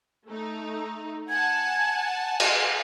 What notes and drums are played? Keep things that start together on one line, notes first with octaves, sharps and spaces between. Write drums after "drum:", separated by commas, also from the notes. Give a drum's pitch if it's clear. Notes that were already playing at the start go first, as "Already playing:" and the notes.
A3 D#4
F#5 G#5 A5 G#6
F5, drum: cymbal